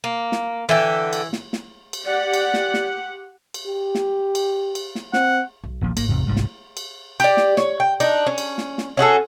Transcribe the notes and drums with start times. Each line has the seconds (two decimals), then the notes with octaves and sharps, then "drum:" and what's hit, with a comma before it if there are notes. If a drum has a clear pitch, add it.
0.04 A#3
0.32 drum: snare
0.69 D3 E3 E5 G5
1.13 drum: cymbal
1.33 drum: snare
1.53 drum: snare
1.93 drum: cymbal
2.05 G4 D5 F#5
2.34 drum: cymbal
2.54 drum: snare
2.74 drum: snare
3.54 drum: cymbal
3.67 G4
3.95 drum: snare
4.35 drum: cymbal
4.75 drum: cymbal
4.95 drum: snare
5.13 C4 F#5, drum: snare
5.64 B1
5.81 D#1 A#2 F3
5.97 G#1 A#3, drum: cymbal
6.09 E2 C3
6.27 C2 G#2 G3
6.36 drum: snare
6.77 drum: cymbal
7.20 G4 D5, drum: cymbal
7.37 drum: snare
7.57 C#5, drum: snare
7.80 G5
8.00 D4 D#4, drum: cymbal
8.26 C#4
8.38 drum: cymbal
8.58 drum: snare
8.78 drum: snare
8.97 C#4 F#4 G#4 A4